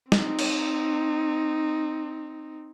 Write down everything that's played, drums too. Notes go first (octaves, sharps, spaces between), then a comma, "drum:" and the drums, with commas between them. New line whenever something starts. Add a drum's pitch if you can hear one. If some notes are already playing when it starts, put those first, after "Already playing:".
C4 D#4, drum: snare
drum: cymbal